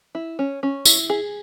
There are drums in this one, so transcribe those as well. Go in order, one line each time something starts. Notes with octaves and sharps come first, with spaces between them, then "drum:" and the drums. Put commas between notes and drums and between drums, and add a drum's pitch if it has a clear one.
E4
C#4
C#4
E4, drum: tambourine
G#4